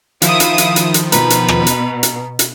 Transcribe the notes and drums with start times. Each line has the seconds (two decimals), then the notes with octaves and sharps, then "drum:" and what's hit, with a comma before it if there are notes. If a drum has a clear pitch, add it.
0.22 D#3 F3 E4 F5 D#6, drum: hi-hat
0.40 drum: hi-hat
0.58 drum: hi-hat
0.76 drum: hi-hat
0.94 drum: hi-hat
1.12 B2 B4 A#5, drum: hi-hat
1.30 drum: hi-hat
1.48 drum: rim click
1.67 drum: hi-hat
2.03 drum: hi-hat
2.39 drum: hi-hat